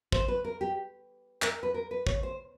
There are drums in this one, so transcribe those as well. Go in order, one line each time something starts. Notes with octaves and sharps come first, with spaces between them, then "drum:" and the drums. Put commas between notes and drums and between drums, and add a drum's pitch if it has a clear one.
C5, drum: kick
B4
A#4
G4
A#4, drum: clap
B4
A#4
B4
C#5, drum: kick
C5